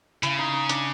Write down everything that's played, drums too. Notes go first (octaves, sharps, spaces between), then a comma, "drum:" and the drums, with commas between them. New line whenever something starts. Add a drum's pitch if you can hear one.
C#3 E4, drum: hi-hat
D#4
D#4
D4, drum: hi-hat